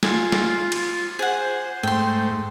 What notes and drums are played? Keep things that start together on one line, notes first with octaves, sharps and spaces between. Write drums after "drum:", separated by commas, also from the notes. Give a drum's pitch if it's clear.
F4 G#5, drum: snare
drum: snare
drum: cymbal
G#4 C5 F#5
G#2 A3 G5 C6